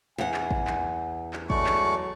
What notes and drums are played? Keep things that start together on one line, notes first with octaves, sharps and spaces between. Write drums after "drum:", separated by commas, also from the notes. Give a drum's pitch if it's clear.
E2 F#5 G#5
drum: clap
drum: kick
drum: clap
drum: clap
F#3 G#3 A3 D5 C#6, drum: kick
drum: clap